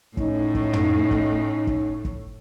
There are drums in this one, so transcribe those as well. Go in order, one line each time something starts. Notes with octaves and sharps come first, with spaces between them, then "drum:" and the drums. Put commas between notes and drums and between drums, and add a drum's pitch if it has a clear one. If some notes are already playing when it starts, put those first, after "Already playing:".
A2 A3 C#4 D#4, drum: kick
drum: kick
drum: tom
drum: kick
drum: kick
drum: kick